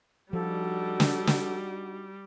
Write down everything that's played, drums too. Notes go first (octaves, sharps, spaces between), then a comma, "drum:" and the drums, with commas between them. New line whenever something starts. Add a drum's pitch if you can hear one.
F3 G3 D4 D#4 F#4 A4
drum: snare
drum: snare